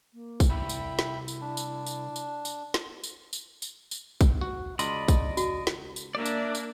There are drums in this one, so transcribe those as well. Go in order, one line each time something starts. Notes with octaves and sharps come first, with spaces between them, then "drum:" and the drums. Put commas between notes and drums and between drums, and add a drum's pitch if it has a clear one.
A#3
drum: kick, tambourine
C2 E4 E5 G5 B5
drum: tambourine
drum: snare
drum: tambourine
D4
drum: tambourine
drum: tambourine
drum: tambourine
drum: tambourine
drum: snare
drum: tambourine
drum: tambourine
drum: tambourine
drum: tambourine
drum: kick, tambourine
F#4
C#2 D5 D#5 B5 C6, drum: tambourine
drum: kick, tambourine
F#4, drum: tambourine
drum: snare
drum: tambourine
A#3 D4 D5 E5
drum: tambourine
drum: tambourine